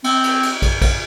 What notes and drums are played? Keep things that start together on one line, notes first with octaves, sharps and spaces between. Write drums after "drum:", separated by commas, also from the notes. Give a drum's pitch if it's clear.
C4, drum: cymbal
drum: cymbal
drum: cymbal
drum: kick, cymbal
drum: kick, cymbal